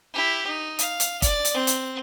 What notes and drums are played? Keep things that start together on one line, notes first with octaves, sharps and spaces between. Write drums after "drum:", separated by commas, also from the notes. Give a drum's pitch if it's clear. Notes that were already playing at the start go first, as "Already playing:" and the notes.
E4 G4
D#4
F5, drum: hi-hat
drum: hi-hat
D5, drum: kick, hi-hat
drum: hi-hat
C4
drum: hi-hat